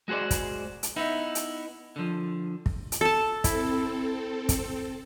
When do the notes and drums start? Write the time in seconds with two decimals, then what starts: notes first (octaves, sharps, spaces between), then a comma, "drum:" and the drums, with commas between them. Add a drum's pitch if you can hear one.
0.08 G#3 F#4 G#4 C5 D5
0.31 drum: kick, hi-hat
0.83 drum: hi-hat
0.96 B3 D#4 E4
1.35 drum: hi-hat
1.96 D3 F3
2.66 drum: kick
2.92 drum: hi-hat
3.01 A4 A5
3.44 C4 E4 A4, drum: kick, hi-hat
4.49 drum: kick, hi-hat